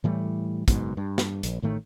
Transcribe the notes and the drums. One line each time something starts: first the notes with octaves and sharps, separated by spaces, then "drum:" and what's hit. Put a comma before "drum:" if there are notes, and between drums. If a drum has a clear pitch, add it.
A2 E3 G3 A3
F#1 G#2 B2, drum: kick, hi-hat
G2
drum: snare
A#1, drum: hi-hat
A1 A2 D#3 A3